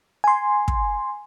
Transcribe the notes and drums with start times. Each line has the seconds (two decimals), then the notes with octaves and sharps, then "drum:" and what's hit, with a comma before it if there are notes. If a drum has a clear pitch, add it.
0.24 G#5 C6
0.68 drum: kick